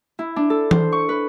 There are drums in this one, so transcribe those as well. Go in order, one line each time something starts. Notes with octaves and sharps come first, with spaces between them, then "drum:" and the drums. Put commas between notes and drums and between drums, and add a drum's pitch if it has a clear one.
E4
D4
A4
C5, drum: tom E3
C#6
B4